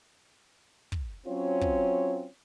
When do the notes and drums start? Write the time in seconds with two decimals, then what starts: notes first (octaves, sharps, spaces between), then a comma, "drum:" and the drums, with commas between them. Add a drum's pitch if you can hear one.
0.92 drum: kick
1.27 F#3 C4 C#4 F4 C#5
1.61 drum: kick